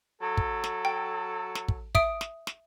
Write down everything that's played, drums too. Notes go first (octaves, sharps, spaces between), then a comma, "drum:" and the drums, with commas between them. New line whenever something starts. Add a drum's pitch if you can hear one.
F#3 A4
drum: kick
drum: snare
G5
drum: snare
drum: kick
E5 D#6 D7, drum: kick
drum: snare
drum: snare